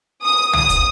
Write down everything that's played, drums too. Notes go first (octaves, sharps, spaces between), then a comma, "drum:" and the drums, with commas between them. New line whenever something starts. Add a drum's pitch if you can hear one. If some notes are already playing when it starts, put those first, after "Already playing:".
D#6
D#6, drum: tom
drum: kick, hi-hat